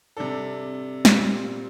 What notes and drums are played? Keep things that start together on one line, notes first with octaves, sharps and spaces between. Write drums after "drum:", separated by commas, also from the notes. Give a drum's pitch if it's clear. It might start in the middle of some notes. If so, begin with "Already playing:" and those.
C3 G3 D4 A4
A#2 G3 C4, drum: snare